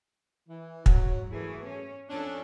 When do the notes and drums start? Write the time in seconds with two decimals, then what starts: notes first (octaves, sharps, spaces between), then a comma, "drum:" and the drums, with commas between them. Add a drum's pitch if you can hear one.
0.49 E3
0.86 G#2 F#3, drum: kick
1.31 F#2 E3 A3 G#4
1.66 C#4
2.10 F2 C#4 D4 A4